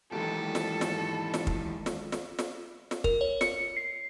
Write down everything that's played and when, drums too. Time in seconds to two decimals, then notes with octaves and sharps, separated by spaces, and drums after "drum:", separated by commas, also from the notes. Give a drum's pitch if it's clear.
0.12 G#2 D#3 E3 F#3 G4 A4
0.55 drum: snare
0.81 drum: snare
1.34 drum: snare
1.47 drum: kick
1.86 drum: snare
2.12 drum: snare
2.39 drum: snare
2.91 drum: snare
3.04 A#4, drum: kick
3.21 C#5
3.41 C#7, drum: snare
3.77 C7